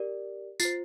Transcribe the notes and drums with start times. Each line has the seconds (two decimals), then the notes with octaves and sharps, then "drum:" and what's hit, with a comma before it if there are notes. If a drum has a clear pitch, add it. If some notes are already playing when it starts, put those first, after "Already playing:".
Already playing: G4 A#4 D5
0.60 F4 A6 C7, drum: tambourine
0.65 C5